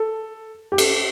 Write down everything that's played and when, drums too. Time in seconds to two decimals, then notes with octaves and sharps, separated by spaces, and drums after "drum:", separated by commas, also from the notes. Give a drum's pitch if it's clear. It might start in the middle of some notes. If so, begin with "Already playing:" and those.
Already playing: A4
0.72 G4
0.78 A4, drum: cymbal